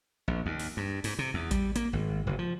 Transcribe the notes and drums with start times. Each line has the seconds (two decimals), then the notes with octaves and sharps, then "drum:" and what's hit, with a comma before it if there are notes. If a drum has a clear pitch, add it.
0.28 A#1
0.46 D#2
0.59 drum: open hi-hat
0.77 G2
1.04 G#2, drum: open hi-hat
1.19 C3
1.34 E2
1.51 G3, drum: kick A1, hi-hat
1.76 A#3, drum: hi-hat
1.93 G#1
2.27 F#1
2.39 F3